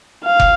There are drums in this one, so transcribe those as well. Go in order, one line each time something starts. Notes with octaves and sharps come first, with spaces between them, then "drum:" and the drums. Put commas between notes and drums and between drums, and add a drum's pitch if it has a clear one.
F5
drum: kick